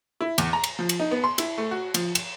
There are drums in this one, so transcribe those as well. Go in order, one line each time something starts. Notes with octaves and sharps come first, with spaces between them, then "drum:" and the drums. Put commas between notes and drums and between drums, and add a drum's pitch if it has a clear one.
E4
E2, drum: cymbal
A#5
drum: cymbal
F3
drum: cymbal
D#4
B3
C6
E4, drum: cymbal
A3
F#4
F3, drum: cymbal
E7, drum: cymbal